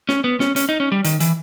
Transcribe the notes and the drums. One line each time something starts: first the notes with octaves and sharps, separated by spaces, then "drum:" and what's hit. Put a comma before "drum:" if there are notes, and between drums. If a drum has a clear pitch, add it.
C#4, drum: snare
B3
C#4, drum: snare
C#4, drum: hi-hat
D#4
C#4
G3
D#3, drum: hi-hat
E3, drum: hi-hat